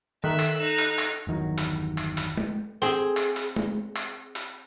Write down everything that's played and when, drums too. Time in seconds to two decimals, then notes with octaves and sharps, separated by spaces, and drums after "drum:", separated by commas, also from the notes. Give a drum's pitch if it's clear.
0.24 D#3 A4 E5 F#6
0.39 drum: clap
0.59 D#4 E7
0.79 drum: clap
0.99 drum: clap
1.27 G1 E2 D#3 F#3
1.58 drum: clap
1.98 drum: clap
2.18 drum: clap
2.37 drum: tom G#3
2.82 C4 G#4
3.17 drum: clap
3.37 drum: clap
3.56 drum: tom G#3
3.96 drum: clap
4.36 drum: clap